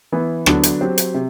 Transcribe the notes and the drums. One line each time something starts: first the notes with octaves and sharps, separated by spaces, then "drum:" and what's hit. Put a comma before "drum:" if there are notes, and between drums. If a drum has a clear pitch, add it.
E3 B3 E4
D3 F#3 B3 D4, drum: rim click
drum: hi-hat
F#3 C4 G4 C5
drum: hi-hat
C3